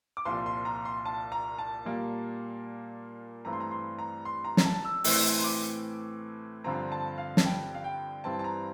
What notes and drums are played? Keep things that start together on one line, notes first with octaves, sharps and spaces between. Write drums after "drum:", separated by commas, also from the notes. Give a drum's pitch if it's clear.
D6
C2 A#2 F3 C6
C6
A#5
C6
A5
A#5
A5
A#2 G3 A#3
G2 E3 A3 C4 A#5
C6
A#5
C6
A#5
C6
A#5
A#5, drum: snare
A5
E6
A2 E3 A3 C4 E6, drum: open hi-hat
C6
D6
G2 D3 F3 C4 A#5
A5
F5
A5, drum: snare
G5
F5
G5
G2 E3 G3 C4 A5
A5
A#5